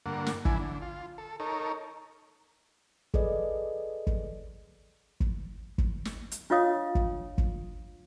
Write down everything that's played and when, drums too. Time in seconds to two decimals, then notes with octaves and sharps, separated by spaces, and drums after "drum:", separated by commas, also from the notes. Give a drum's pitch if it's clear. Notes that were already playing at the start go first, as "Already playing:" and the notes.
0.06 G2 D3 A#3 F#5
0.26 drum: snare
0.45 D3 E3 E4 G#5, drum: kick
0.59 D3
0.82 F4
1.18 A4
1.40 D#4 A4 A#4 C#5
3.14 G#4 A4 B4 D5 D#5, drum: kick
4.07 drum: kick
5.20 drum: kick
5.78 drum: kick
6.05 drum: snare
6.32 drum: hi-hat
6.50 D4 F4 C#5 D#5 F5 D#6
6.95 drum: kick
7.38 drum: kick